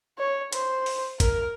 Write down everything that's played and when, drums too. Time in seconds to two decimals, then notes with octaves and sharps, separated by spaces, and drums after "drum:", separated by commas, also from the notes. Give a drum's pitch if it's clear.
0.18 C#5
0.53 C5, drum: hi-hat
0.86 drum: open hi-hat
1.20 A#4, drum: kick, hi-hat